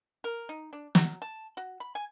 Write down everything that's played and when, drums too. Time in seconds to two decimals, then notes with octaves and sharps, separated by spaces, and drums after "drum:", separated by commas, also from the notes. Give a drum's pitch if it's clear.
0.24 A#4
0.49 D#4
0.73 D4
0.95 F#3, drum: snare
1.22 A5
1.57 F#4
1.80 B5
1.95 G#5